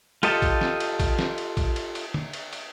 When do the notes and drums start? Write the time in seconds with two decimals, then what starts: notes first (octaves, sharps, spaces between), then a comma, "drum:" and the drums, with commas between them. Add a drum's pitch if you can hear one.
0.23 F4 G4 A4 D#5 A5, drum: cymbal
0.42 drum: kick A#1, cymbal
0.61 drum: snare
0.80 drum: cymbal
1.00 drum: kick A#1, cymbal
1.19 drum: snare
1.38 drum: cymbal
1.57 drum: kick A#1, cymbal
1.76 drum: cymbal
1.95 drum: cymbal
2.14 drum: tom D3
2.33 drum: cymbal
2.53 drum: cymbal